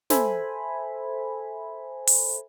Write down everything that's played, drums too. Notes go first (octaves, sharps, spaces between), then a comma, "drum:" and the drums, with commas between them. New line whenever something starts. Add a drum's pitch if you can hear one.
A4 C5 E5 G#5 B5, drum: snare
drum: open hi-hat